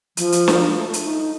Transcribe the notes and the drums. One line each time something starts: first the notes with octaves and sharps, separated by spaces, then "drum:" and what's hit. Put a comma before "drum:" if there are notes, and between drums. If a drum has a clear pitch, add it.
F3, drum: hi-hat
drum: hi-hat
drum: snare
A3
drum: hi-hat
D#4